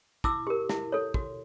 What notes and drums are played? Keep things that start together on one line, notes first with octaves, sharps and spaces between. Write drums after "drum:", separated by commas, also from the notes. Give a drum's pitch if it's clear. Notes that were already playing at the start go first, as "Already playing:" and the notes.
E4 D6 E6, drum: kick
G4 A#4
E4, drum: snare
A4 C#5
F#4, drum: kick